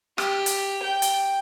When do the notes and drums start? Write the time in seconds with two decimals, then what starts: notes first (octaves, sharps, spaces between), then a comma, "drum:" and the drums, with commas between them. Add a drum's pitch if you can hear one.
0.18 G4, drum: rim click
0.46 drum: hi-hat
0.82 G5
1.02 drum: hi-hat